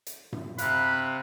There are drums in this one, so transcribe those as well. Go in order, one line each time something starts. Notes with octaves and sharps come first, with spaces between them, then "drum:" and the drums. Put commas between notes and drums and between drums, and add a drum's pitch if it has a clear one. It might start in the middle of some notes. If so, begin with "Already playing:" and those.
drum: hi-hat
drum: tom G2
C3 F5 B5 F#6, drum: hi-hat